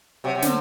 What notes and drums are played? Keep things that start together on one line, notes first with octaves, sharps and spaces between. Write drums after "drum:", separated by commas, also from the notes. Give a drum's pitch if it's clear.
C3 F#3
C3
D3, drum: snare